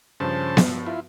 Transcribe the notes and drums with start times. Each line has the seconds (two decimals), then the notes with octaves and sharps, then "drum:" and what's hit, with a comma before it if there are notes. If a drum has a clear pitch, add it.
0.20 G2 C#3 F3 C5 A5
0.57 drum: snare B3
0.86 E4 F4